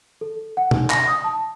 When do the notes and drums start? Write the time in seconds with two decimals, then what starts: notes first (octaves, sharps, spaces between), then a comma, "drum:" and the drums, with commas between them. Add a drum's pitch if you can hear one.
0.21 A4
0.57 F#5
0.71 D#4, drum: tom B2
0.90 A#6, drum: clap
1.08 D#6
1.24 A5